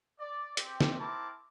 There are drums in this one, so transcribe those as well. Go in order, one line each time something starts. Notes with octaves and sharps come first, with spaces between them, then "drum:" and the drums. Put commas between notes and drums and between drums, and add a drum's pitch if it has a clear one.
D5
C4 G4, drum: hi-hat
drum: snare
C4 E4 A#4 A5 D6